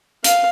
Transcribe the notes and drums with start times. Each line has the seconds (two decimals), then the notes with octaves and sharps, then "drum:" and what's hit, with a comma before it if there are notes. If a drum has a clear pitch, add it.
0.24 F5, drum: hi-hat